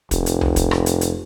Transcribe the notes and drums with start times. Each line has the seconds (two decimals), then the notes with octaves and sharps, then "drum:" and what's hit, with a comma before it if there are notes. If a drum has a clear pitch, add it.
0.11 F1, drum: kick, hi-hat
0.26 drum: hi-hat
0.41 drum: tom C2
0.56 drum: kick, hi-hat
0.71 drum: rim click
0.86 drum: hi-hat
1.01 drum: hi-hat